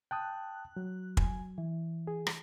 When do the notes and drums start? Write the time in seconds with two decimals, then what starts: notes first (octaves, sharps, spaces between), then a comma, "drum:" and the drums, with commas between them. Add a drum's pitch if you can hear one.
0.11 G5 A5 D#6 F#6
0.77 F#3
1.17 G#5, drum: kick
1.58 E3
2.07 G#4
2.27 drum: rim click